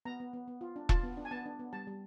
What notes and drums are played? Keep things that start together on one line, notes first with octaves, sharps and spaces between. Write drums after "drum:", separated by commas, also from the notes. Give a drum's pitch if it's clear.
B3 A#5
B3
B3
B3
F4
D4
F4 A5, drum: kick E1
B3
D4
G#5
B3 A5
D4
B3
G3 A5
G3